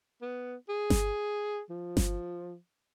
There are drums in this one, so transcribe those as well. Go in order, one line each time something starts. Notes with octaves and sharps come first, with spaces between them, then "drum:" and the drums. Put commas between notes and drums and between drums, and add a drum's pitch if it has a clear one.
B3
G#4
drum: snare G1
F3
drum: snare G1